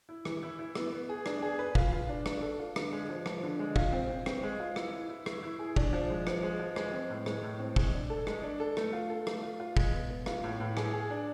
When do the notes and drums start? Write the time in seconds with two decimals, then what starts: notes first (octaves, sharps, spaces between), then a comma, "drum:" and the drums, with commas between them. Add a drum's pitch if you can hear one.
0.09 E4
0.25 E3, drum: rim click
0.43 E4
0.59 E4
0.75 B3, drum: rim click
0.92 B3
1.09 G#4
1.26 D4, drum: rim click
1.42 G#4
1.59 B4
1.75 F4, drum: kick
1.93 F4
2.09 D4
2.26 D4, drum: rim click
2.42 A4
2.59 F4
2.76 D3, drum: rim click
2.93 G#3
3.09 F3
3.26 F3, drum: rim click
3.43 D3
3.59 G#3
3.76 F4, drum: kick
3.93 C4
4.10 C4
4.26 C4, drum: rim click
4.43 G#3
4.60 F4
4.76 E4, drum: rim click
4.93 E4
5.09 E4
5.26 E4, drum: rim click
5.43 E4
5.59 G#4
5.76 D4, drum: kick
5.93 F3
6.09 G#3
6.27 F3, drum: rim click
6.43 G#3
6.59 F3
6.76 G#3, drum: rim click
6.93 C4
7.10 A2
7.26 G#3, drum: rim click
7.43 A2
7.59 C4
7.76 G#3, drum: kick
7.93 D4
8.10 A4
8.27 G#3, drum: rim click
8.43 D4
8.60 A4
8.77 A3, drum: rim click
8.93 F4
9.10 A4
9.27 A3, drum: rim click
9.43 F4
9.60 F4
9.77 G#3, drum: kick
9.93 B3
10.10 B3
10.26 F4, drum: rim click
10.44 A2
10.60 A2
10.77 G#4, drum: rim click
10.93 G#4
11.10 D4